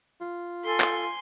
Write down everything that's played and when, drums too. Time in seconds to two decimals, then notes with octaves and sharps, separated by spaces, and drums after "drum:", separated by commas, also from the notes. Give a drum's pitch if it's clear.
0.21 F4
0.64 A4 G#5 C6
0.80 drum: clap